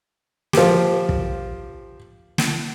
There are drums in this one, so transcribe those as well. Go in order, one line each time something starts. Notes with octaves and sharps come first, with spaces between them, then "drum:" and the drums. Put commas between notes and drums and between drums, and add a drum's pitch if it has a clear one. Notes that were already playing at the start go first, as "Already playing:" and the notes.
F3 G4, drum: snare
drum: kick
drum: snare